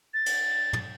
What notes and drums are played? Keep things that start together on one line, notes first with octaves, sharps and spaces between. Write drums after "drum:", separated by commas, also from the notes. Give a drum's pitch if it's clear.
A6
drum: cymbal
drum: tom